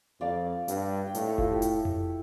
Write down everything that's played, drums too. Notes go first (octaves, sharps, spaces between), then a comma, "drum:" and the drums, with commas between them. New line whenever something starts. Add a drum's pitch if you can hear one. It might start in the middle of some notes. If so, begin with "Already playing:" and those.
F2 D5 F5
G2, drum: hi-hat
G5
A2 D5 F5, drum: hi-hat
C#5 E5
F4 A4, drum: kick F1
E4 G4
E4, drum: hi-hat
drum: tom F2